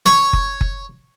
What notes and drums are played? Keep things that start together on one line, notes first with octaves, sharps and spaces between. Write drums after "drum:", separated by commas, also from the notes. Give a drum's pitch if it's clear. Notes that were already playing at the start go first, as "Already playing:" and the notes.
C#5, drum: snare
drum: kick F#1
drum: kick F#1